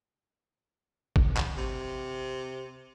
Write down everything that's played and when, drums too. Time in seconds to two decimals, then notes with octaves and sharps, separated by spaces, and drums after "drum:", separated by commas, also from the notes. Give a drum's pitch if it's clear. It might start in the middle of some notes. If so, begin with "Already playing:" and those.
1.16 drum: kick
1.37 drum: clap
1.57 C3